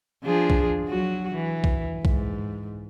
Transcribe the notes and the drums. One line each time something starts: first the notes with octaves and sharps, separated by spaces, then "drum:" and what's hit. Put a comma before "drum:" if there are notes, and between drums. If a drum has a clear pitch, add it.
F3 D4 G#4
drum: kick
F#3 F#4
E3
drum: kick
G#2, drum: kick